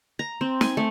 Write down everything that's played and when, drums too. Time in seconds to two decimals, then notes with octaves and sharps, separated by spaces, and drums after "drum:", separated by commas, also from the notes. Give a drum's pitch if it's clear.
0.19 A#5
0.41 C4
0.61 G#5, drum: snare
0.77 A3